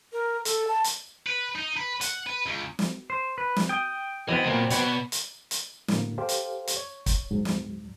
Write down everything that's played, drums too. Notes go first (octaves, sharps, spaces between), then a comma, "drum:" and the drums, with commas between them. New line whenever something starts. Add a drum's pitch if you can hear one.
A#4
A4, drum: hi-hat
A5
drum: hi-hat
B4
D#4
B4
F#5, drum: hi-hat
B4
C#2
drum: snare
C5
B4
drum: snare
G5 D#6
E3 F#3 B3 C4 D#5
D2 A#2 B3
B2 B3 C#5 D5 F#5, drum: hi-hat
drum: hi-hat
drum: hi-hat
A2 D3 A#3, drum: snare
G4 A4 C5 F5
drum: hi-hat
drum: hi-hat
C#5
drum: kick, hi-hat
D2 G#2 F#3
drum: snare